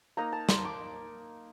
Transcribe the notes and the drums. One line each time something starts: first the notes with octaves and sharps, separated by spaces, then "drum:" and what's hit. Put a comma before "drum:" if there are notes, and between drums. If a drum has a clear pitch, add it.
A#3 D#4 A#5
A5
C6, drum: snare
D6